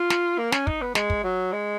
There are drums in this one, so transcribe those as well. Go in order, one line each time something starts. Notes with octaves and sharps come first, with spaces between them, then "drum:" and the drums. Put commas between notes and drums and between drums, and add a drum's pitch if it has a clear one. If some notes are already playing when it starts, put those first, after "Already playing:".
Already playing: F4
drum: snare
A#3
C#4, drum: snare
D#4, drum: kick
B3
G#3, drum: snare
drum: kick
F#3
G#3